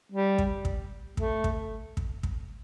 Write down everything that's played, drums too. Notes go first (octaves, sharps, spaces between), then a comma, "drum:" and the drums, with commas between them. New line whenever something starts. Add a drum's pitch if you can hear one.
G3
drum: kick
drum: kick
A3, drum: kick
drum: kick
drum: kick
drum: kick